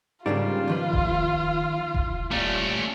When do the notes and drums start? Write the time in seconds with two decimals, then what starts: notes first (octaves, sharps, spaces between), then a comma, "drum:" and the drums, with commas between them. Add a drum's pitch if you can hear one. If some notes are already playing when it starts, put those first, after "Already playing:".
0.26 G#2 C#3 G3 A#3 D4 F4
0.68 D#2 F3 B4
0.93 drum: kick E1
1.94 drum: kick E1
2.31 A#2 G3 A3 C#4